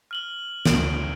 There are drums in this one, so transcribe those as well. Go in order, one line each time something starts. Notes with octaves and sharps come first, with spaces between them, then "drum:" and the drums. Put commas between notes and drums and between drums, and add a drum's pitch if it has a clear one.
F6 F#7 G7
D2 D7, drum: snare